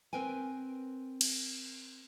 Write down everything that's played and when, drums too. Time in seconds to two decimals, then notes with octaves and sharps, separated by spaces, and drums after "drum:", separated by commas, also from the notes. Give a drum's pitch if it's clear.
0.13 C4 A#4 B4 G5 G#5
1.21 drum: cymbal